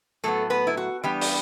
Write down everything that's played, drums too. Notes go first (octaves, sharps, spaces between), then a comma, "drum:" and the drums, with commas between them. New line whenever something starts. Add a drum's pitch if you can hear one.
A2 F#3 A3 B3 A4
B3 B4
E4
F#4
E3 G3 B3 D4 G4
drum: open hi-hat